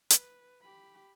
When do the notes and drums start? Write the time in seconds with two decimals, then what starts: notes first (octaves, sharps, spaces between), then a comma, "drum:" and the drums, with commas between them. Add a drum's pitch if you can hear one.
0.10 B4, drum: hi-hat
0.61 G4 B5